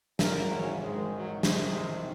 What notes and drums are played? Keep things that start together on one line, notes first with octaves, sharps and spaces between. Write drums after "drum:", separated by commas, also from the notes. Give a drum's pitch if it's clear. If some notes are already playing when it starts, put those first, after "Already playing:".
G#1 F#2 C#3 A#4, drum: snare
C#4
G#1 G#2 D#3 G#3
F#3
C2 C3 D#3 G#3, drum: snare